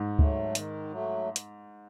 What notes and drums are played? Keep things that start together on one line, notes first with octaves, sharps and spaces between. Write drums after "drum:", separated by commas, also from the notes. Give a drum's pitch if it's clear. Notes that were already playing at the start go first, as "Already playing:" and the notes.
Already playing: G#2
F#3 A3, drum: kick D2
D#3, drum: hi-hat
F#3 A3
drum: hi-hat